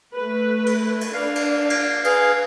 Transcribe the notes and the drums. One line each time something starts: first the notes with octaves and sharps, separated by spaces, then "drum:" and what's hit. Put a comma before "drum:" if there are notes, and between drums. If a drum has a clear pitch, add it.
A3 B4
drum: cymbal
drum: cymbal
D4 F5
drum: cymbal
drum: cymbal
G#4 B4 F5, drum: cymbal